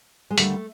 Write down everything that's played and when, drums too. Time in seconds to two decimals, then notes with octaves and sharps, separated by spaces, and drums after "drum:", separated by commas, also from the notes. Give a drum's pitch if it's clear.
0.31 G#3
0.38 D#2 D3 G3 A3, drum: hi-hat